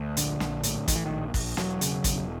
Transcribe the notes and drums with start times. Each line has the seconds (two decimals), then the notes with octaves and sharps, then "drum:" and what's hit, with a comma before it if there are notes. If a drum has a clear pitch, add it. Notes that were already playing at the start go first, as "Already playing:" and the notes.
Already playing: D2
0.17 A#1 D3, drum: hi-hat
0.40 A#1, drum: snare
0.63 A2, drum: hi-hat
0.88 A2 D#3, drum: kick, hi-hat
0.96 E3
1.06 A#1 D#3
1.34 A#1, drum: kick, open hi-hat
1.57 E1 F#3, drum: snare
1.81 C#3, drum: hi-hat
2.04 E1, drum: kick, hi-hat